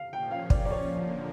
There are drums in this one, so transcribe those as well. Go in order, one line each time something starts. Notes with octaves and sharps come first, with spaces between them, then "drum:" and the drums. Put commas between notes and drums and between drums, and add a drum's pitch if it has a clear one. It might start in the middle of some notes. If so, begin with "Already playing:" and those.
Already playing: F5
A#2 F3 C#4 G5
F5
D5, drum: kick
D5
C#5
D3 F3 A#3